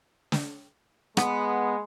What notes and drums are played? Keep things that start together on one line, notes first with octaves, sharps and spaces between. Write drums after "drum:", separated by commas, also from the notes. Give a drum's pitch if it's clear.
drum: snare
G#3 B3, drum: rim click